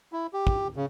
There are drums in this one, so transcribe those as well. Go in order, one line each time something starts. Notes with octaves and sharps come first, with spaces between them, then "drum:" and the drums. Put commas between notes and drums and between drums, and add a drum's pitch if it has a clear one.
E4
G4
drum: kick
C#3